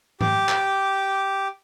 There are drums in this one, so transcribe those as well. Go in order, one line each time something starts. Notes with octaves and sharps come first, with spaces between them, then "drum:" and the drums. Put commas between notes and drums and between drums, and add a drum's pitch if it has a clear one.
G4 D6, drum: tom
drum: clap